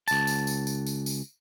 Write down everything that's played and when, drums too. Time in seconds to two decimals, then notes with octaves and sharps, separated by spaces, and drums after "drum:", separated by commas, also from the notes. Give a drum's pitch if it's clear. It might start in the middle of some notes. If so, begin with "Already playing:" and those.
0.08 C#2 A5, drum: tambourine
0.27 drum: tambourine
0.47 drum: tambourine
0.67 drum: tambourine
0.86 drum: tambourine
1.06 drum: tambourine